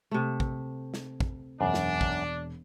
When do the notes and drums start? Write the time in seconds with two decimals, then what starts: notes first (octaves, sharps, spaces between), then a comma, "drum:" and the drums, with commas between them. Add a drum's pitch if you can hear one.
0.11 C3 A3
0.40 drum: kick
0.94 drum: snare
1.20 drum: kick
1.61 E1 F#2 D4
1.74 drum: snare
2.01 drum: kick